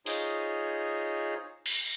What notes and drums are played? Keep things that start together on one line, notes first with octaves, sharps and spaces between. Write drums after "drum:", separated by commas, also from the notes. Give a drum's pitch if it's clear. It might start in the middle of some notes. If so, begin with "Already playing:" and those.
D#4 F4 G#4 C5 C#5, drum: open hi-hat
drum: cymbal